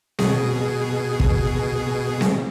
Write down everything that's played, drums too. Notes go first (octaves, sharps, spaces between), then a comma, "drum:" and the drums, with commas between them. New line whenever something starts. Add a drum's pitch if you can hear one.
B2 G#4, drum: snare C4
drum: kick
drum: snare C4